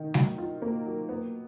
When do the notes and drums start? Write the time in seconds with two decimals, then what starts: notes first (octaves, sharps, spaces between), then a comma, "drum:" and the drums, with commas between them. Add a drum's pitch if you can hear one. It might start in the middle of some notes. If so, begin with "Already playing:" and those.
Already playing: D#3
0.14 F#3, drum: snare
0.38 F4
0.62 A#3
0.86 F#3
1.09 B3